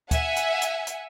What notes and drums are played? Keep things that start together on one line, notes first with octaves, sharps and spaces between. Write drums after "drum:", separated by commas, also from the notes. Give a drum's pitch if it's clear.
E5 F#5 G#5, drum: kick D2, hi-hat
drum: hi-hat
drum: hi-hat
drum: hi-hat